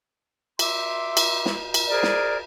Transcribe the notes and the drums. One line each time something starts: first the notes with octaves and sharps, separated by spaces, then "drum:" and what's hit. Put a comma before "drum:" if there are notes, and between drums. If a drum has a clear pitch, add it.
E5 C6 D6 E6, drum: cymbal
drum: cymbal
drum: snare
drum: cymbal
G#4 A#4 C5 D5
drum: snare